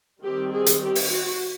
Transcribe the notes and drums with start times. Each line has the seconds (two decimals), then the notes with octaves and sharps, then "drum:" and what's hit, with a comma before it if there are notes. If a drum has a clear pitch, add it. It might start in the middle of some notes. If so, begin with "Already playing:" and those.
0.23 D#3 G3 C4 G4
0.52 G#4
0.66 drum: hi-hat
0.81 G4
0.95 drum: open hi-hat
1.10 F#4